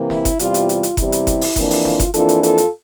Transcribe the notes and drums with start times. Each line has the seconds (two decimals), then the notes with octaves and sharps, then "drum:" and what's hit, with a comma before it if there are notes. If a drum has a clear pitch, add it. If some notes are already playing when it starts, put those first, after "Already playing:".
Already playing: C3 E3 A#3
0.10 E4, drum: snare
0.25 drum: kick F#1, hi-hat
0.39 E2 C3 G3 F4, drum: hi-hat
0.54 drum: hi-hat
0.69 F4, drum: hi-hat
0.83 drum: hi-hat
0.97 E2 C3 G3 E4, drum: kick F#1, hi-hat
1.12 drum: hi-hat
1.27 drum: kick F#1, hi-hat
1.41 drum: open hi-hat
1.56 F2 E3 A#3 D4, drum: kick F#1, hi-hat
1.70 drum: open hi-hat
1.85 F4, drum: snare
1.99 drum: kick F#1, hi-hat
2.14 F2 E3 A#3 D4 F4 A4, drum: hi-hat
2.29 drum: hi-hat
2.43 F4 A4, drum: hi-hat
2.58 drum: hi-hat